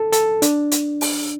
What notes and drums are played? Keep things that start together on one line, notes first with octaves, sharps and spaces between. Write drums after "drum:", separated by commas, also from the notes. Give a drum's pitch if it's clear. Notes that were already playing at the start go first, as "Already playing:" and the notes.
Already playing: A4
A4, drum: hi-hat
D4, drum: hi-hat
drum: hi-hat
drum: open hi-hat